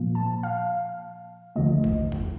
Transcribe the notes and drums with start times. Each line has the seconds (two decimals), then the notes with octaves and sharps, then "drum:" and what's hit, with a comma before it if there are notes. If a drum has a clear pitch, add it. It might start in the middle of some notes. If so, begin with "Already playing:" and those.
Already playing: A#2 F3 A#3
0.15 A5
0.43 F5
1.56 D#2 D3 F3 A3 D#5
1.84 drum: kick F#1
2.12 drum: tom F2